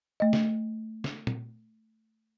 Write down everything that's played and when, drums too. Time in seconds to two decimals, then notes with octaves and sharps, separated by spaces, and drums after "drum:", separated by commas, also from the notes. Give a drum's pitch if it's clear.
0.20 A3 D#5
0.33 drum: snare
1.04 drum: snare
1.27 drum: tom